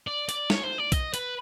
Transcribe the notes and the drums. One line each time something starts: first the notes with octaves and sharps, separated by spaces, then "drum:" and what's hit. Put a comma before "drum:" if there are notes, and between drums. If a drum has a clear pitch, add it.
D5
D5, drum: hi-hat
C#5, drum: snare
C5
D5
D#5, drum: kick B1, hi-hat
B4, drum: hi-hat